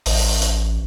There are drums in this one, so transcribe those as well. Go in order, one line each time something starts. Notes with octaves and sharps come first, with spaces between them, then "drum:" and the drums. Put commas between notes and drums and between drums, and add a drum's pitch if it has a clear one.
A1, drum: open hi-hat
drum: hi-hat